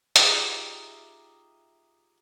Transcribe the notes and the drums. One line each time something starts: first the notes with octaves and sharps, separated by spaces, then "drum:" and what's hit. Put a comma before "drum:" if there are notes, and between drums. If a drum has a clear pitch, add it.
D#4 F4 G4 G#4 E5, drum: hi-hat